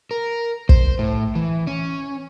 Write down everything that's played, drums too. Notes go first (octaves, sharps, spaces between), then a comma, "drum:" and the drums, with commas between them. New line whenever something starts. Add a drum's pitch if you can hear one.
A#4
C5, drum: kick
A2
E3
C#4